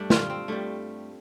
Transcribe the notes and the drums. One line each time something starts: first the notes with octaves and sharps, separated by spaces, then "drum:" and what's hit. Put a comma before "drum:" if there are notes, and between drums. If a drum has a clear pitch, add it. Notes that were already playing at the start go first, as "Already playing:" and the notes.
Already playing: G2 G3 A3 D4
C4 F4, drum: snare
C4
G2 G3 A3